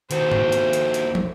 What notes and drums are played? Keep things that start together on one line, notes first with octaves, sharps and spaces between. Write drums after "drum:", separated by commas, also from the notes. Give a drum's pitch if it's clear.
D#2 F#4 C5, drum: hi-hat
drum: tom G#2
drum: hi-hat
drum: hi-hat
drum: hi-hat
drum: tom